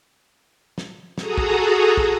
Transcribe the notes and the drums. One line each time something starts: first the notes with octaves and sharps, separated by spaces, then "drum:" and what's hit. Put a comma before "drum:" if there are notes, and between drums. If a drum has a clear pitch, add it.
drum: snare
F#4 G#4 A4 A#5 D#6, drum: snare
drum: kick
drum: kick